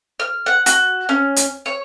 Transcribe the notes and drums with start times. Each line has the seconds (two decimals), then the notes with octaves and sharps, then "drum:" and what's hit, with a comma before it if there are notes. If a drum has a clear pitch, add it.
0.20 F6
0.46 F#5
0.66 F#4, drum: hi-hat
1.09 C#4
1.36 drum: hi-hat
1.66 C#5